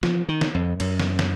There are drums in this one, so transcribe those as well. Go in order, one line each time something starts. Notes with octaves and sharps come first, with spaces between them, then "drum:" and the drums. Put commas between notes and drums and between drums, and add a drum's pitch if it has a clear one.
F3, drum: snare
D#3
drum: snare
F2
F#2, drum: cymbal
drum: snare
drum: snare